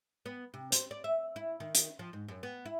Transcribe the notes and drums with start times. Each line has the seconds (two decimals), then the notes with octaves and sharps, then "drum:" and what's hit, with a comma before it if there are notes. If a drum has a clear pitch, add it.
0.26 B3
0.54 C3
0.72 C5, drum: hi-hat
0.91 D5
1.04 E5
1.36 E4
1.60 D#3
1.75 drum: hi-hat
1.99 F3
2.13 G#2
2.28 F#2
2.43 B3
2.65 E4